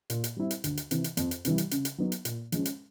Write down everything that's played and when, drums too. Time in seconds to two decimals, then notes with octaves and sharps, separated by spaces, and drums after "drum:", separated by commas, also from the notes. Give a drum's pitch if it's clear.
0.10 A#2, drum: hi-hat
0.24 drum: hi-hat
0.36 G3 C4 E4
0.51 drum: hi-hat
0.64 D2, drum: hi-hat
0.77 drum: hi-hat
0.91 C3 E3, drum: hi-hat
1.04 drum: hi-hat
1.17 F2, drum: hi-hat
1.31 drum: hi-hat
1.45 C3 E3 G3, drum: hi-hat
1.58 drum: hi-hat
1.71 C#3, drum: hi-hat
1.85 drum: hi-hat
1.98 F#3 B3 D#4
2.12 drum: hi-hat
2.25 A#2, drum: hi-hat
2.52 F3 G#3 C#4, drum: hi-hat
2.65 drum: hi-hat